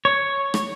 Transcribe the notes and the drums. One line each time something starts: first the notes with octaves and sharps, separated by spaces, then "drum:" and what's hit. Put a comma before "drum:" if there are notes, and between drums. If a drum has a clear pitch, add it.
C#5
drum: rim click